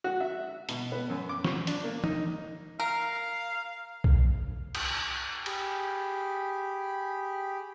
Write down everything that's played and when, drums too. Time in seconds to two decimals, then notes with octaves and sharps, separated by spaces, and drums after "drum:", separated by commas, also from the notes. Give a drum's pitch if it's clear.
0.04 F#4
0.20 E5
0.69 B2, drum: hi-hat
0.92 B3
1.10 F#2
1.29 D6
1.45 C#6, drum: snare
1.67 D4, drum: hi-hat
1.84 A#3
2.04 D#4, drum: tom
2.80 A#4 F5
4.04 drum: kick B1
4.75 drum: cymbal
5.46 G4 G#4 B5, drum: cymbal